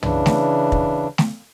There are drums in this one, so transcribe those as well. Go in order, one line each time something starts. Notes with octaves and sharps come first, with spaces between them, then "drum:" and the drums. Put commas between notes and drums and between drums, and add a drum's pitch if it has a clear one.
C#3 E3 D4, drum: tom
drum: snare A3
drum: kick
drum: snare A3